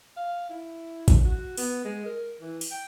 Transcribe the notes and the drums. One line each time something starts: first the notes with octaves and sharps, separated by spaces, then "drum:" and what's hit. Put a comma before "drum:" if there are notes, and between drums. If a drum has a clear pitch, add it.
F5
E4
drum: kick, hi-hat
F#4
B3, drum: open hi-hat
G#3
A#4
E3
drum: open hi-hat
G5